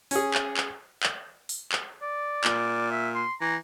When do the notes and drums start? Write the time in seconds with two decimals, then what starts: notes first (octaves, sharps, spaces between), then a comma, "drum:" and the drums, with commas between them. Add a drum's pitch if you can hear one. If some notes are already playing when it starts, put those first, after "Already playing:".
0.11 C#4 G#4, drum: open hi-hat
0.34 drum: clap
0.57 drum: clap
1.03 drum: clap
1.49 drum: open hi-hat
1.72 drum: clap
2.02 D5
2.44 A#2, drum: clap
2.91 E5
3.15 C6
3.41 E3 A#5